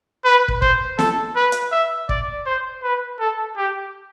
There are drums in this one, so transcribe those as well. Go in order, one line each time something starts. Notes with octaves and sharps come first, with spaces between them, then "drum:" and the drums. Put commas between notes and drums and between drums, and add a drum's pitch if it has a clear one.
B4
drum: kick
C5, drum: kick
A4, drum: snare
B4
drum: hi-hat
E5
D5, drum: kick
C5
B4
A4
G4